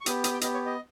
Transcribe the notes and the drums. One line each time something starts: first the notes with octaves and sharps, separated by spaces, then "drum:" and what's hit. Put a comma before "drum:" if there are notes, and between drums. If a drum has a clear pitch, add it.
C#6
B3 G4 D#6, drum: hi-hat
D#6, drum: hi-hat
G5
B3 G4 D#5, drum: hi-hat
C#5
D#5